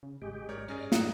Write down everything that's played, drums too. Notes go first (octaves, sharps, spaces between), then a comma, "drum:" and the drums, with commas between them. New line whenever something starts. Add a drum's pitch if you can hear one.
C#3
G#1 G#3 G4
G#2 A#4 C#5 D5
G2 C#4 G#4 D5 D#5 F6
F#2 A2 G#3 A#5 D#6 E6 F#6, drum: snare